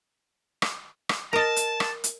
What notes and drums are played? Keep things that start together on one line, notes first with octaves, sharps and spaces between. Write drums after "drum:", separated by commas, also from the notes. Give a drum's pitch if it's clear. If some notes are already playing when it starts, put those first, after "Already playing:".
drum: rim click
drum: rim click
A#4 D#5 A5
drum: hi-hat
drum: rim click
drum: hi-hat